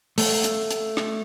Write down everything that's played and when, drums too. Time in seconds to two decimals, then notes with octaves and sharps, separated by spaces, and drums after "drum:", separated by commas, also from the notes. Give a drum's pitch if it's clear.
0.18 A3, drum: open hi-hat
0.44 drum: hi-hat
0.71 drum: hi-hat
0.97 drum: rim click